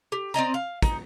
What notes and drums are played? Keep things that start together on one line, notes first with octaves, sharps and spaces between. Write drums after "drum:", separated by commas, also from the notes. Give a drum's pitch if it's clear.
G4
C4 D5 D#5 A#5
F5
D#4, drum: kick, hi-hat